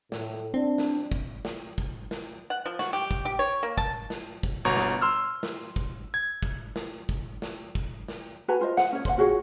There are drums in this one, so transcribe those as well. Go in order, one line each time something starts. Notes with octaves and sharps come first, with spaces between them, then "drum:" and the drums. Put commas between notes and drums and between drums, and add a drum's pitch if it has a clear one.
A2, drum: snare
C4 D4
drum: snare
drum: kick
drum: snare
drum: kick
drum: snare
F#5
F3
F#4, drum: snare
G4
drum: kick
G4
C#5
A#3
A5, drum: kick
drum: snare
drum: kick
G1 B2 C#5 A#5
drum: snare
C6 E6 F6
drum: snare
drum: kick
G#6
drum: kick
drum: snare
drum: kick
drum: snare
drum: kick
drum: snare
F#4 B4 G#5 A#5
F4 C5 D#5
F#5, drum: snare
C#4 C#5
C5 C#5 F#5, drum: kick
F4 F#4 G#4 C#5